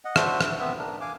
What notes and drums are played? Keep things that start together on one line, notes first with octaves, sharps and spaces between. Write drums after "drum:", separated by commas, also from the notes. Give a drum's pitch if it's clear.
D#5 F#5
D4 F#4 C5 E5, drum: rim click
B4 E5, drum: rim click
B3 C4 E5
D4 A#4
F5 G#5 D6